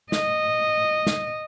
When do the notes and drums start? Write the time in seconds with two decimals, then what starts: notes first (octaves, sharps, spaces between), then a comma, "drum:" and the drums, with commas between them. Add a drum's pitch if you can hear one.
0.12 D#5, drum: snare
1.07 drum: snare